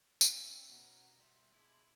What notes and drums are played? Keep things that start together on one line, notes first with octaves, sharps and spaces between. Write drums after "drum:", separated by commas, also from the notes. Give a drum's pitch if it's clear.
C#4 E4 C5 D5 E5 G5, drum: tambourine
B2 B3 F#4 F#5 A#5
G3 E5 C6
G#3 D4 E4